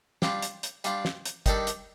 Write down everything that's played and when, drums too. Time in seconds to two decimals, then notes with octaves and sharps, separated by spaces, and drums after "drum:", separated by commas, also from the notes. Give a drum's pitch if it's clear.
0.22 G3 D4 F4, drum: snare
0.42 drum: hi-hat
0.63 drum: hi-hat
0.84 G3 D4 F4, drum: hi-hat
1.05 drum: snare
1.25 drum: hi-hat
1.46 D#3 G3 D4 A4, drum: kick, hi-hat
1.67 drum: hi-hat